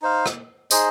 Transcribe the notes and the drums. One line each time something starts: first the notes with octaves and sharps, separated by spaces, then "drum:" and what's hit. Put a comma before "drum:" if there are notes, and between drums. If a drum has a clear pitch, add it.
D#4 C5 F5
drum: rim click
D#4 G#4 C5 D#5, drum: tambourine